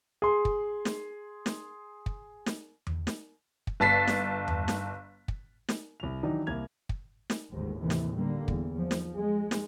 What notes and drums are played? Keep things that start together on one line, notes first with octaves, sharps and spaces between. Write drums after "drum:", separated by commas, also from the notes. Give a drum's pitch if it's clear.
G#4 C6
drum: kick
drum: snare
drum: snare
drum: kick
drum: snare
drum: tom E2
drum: snare
drum: kick
G1 A5 A6 B6 C7
drum: snare
drum: tom E2
drum: snare
drum: kick
drum: snare
C2 F7
D#3 E3 F#3 D4 D#4
C2 A#3 A#4 G#6 F7
drum: kick
drum: snare
G1 D#2 G#2
D#2 A2 C3 E3
drum: snare
D3 G3 A#3
E2, drum: kick
F3
drum: snare
G#3
drum: snare